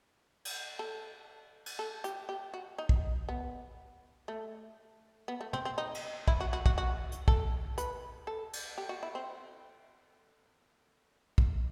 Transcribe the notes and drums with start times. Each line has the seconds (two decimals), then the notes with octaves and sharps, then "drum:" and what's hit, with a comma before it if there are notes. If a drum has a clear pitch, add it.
0.45 drum: cymbal
0.79 A4
1.66 drum: cymbal
1.79 A4
2.04 G4, drum: hi-hat
2.29 G4
2.54 F#4
2.78 D#4
2.89 drum: kick
3.29 B3
4.28 A3
5.28 B3
5.41 A3
5.53 C4, drum: tom
5.65 C4
5.78 D#4
5.95 drum: cymbal
6.28 E4, drum: kick
6.40 F#4
6.53 F#4
6.66 F#4, drum: kick
6.78 F#4
7.12 drum: hi-hat
7.28 A4, drum: kick
7.78 B4, drum: hi-hat
8.27 A4
8.53 drum: cymbal
8.78 G4
8.89 F#4
9.03 E4
9.15 C4
11.38 drum: kick